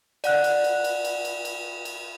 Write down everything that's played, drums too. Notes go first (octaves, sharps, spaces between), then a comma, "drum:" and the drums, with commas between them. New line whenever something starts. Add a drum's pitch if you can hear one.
D5 F#5 F#6, drum: cymbal
drum: cymbal
drum: cymbal
drum: cymbal
drum: cymbal
drum: cymbal
drum: cymbal
drum: cymbal